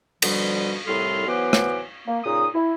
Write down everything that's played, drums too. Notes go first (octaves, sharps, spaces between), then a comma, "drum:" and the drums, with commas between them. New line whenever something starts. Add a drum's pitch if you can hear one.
B2 D3 F3 G3, drum: cymbal
C2 A2 G3 A4 C6 F6
E3 F#3 B3 B4 C5 D6
drum: rim click
A#3
A#2 C#3 D#4 D#6
E4